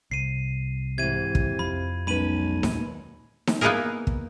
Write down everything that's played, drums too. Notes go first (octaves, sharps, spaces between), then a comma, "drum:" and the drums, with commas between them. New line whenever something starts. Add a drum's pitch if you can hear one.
C2 C7 D#7
G#2 C3 E3 G#6 D#7
drum: kick
F2 F4 B5
B1 G#3 C#4 B4 B5 D#7 F#7
D#2 A#2, drum: snare D#4
drum: snare D#4
A#3 B3 D#4 E4 G#4 A#4
drum: kick